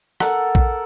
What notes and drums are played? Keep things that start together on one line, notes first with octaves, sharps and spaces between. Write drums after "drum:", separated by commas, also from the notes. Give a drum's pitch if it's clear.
A4 A#4 F#5, drum: rim click
drum: kick A#1